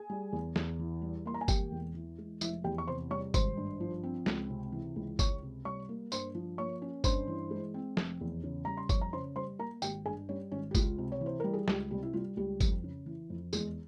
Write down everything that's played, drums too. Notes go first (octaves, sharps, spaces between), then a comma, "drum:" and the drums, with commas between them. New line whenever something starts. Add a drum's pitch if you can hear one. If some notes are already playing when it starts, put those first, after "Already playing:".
Already playing: G#4 G#5
G3
E2
E2, drum: snare
E3
G3
A#3 C6
A#5
G#5
E1 G4 G5, drum: kick G1, tambourine
E2
E3
G#3
F1 E4 E5, drum: tambourine
E2 G4 G5
C#6
C3 C5 C6
G3 C#5 C#6
G#1 C5 C6, drum: kick G1, tambourine
G2
F3
C4
C#2, drum: snare
C3
E3
C#2
C#2 C#5 C#6, drum: kick G1, tambourine
C3
G3 C#5 C#6
A#3
G2 C5 C6, drum: tambourine
F3
A#3 C#5 C#6
C#4
G2 C5 C6, drum: kick G1, tambourine
E3
G#3
C4
F1, drum: snare
E2
C#3
G3 A#5
C6
F2 C#5 C#6, drum: kick G1, tambourine
A#5
C#3 C5 C6
G3 C5 C6
A#3 A#4 A#5
G#1 G4 G5, drum: tambourine
G2 G#4 G#5
G3 C#4 C#5
G#1 C#4 C#5
G4
C#2 F4, drum: kick G1, tambourine
C3
C#5
E3
C5
G3 A#4
G#4
C#2 G3 G4, drum: snare
C3 G3 G4
E4
G3 F4
C#2 G3 G4
F2, drum: kick G1, tambourine
C#3
E3
F2
E2 G#3 G#4, drum: tambourine